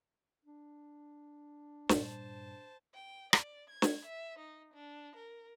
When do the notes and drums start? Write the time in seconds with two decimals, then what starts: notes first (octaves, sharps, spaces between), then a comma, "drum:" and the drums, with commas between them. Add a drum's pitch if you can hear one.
0.45 D4
1.89 G2 A#2 C5 A5, drum: snare
2.93 G5
3.33 D5, drum: rim click
3.70 G#6
3.82 drum: snare
4.05 E5
4.39 D#4
4.74 D4
5.16 A#4